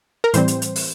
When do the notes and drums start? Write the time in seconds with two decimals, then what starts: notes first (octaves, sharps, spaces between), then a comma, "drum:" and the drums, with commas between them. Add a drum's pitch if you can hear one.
0.24 A#4
0.34 A2 E3 G3 C4 C5, drum: hi-hat
0.48 drum: hi-hat
0.62 drum: hi-hat
0.76 drum: open hi-hat